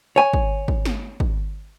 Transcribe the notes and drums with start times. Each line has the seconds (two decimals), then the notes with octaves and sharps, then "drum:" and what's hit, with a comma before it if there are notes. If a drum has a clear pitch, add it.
0.16 C#5 G#5
0.34 drum: kick
0.68 drum: kick
0.85 drum: snare
1.20 drum: kick